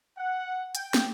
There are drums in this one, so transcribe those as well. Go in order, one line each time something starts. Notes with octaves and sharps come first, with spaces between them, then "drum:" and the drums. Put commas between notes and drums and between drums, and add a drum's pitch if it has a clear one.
F#5
G5, drum: hi-hat
drum: snare